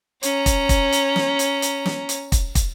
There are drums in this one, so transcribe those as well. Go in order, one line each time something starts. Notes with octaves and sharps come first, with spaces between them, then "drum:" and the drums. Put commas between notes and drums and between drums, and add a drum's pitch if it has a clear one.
C#4 A#5, drum: hi-hat
drum: kick, hi-hat
drum: kick, hi-hat
drum: hi-hat
drum: snare
drum: hi-hat
drum: hi-hat
drum: snare
drum: hi-hat
drum: kick, hi-hat
drum: kick, hi-hat